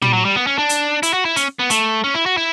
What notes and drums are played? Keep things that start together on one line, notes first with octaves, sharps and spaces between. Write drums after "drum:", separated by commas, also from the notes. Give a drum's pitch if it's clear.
G3, drum: tom
F#3
G3
B3
C#4
D4
drum: hi-hat
E4, drum: hi-hat
F#4
E4
C#4, drum: hi-hat
B3
A3, drum: hi-hat
C#4
E4
F#4
E4